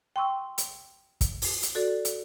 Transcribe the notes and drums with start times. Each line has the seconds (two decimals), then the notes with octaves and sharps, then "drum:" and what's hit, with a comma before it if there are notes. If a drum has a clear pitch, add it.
0.16 G5 C6 C#6 E6
0.58 drum: hi-hat
1.21 drum: kick, hi-hat
1.42 drum: open hi-hat
1.63 drum: hi-hat
1.75 F#4 A4 D5
2.05 drum: hi-hat